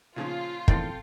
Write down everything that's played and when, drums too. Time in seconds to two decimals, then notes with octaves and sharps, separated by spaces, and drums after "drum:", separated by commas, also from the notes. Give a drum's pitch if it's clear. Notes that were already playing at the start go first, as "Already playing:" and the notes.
0.16 A#2 C#3 F3 F4
0.68 E2 A2 D#3 C4 A4 G5, drum: kick